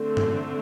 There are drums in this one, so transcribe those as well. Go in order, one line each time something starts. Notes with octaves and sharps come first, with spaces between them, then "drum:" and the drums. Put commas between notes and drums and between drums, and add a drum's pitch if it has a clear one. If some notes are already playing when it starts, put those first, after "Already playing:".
Already playing: D3 A3 C4
drum: tom G2